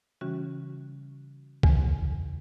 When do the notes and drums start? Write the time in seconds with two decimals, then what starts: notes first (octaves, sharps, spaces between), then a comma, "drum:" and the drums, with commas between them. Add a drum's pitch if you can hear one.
0.21 C#3 E3 G3 C#4 F#4
1.63 E2 C#3 E3, drum: kick C#2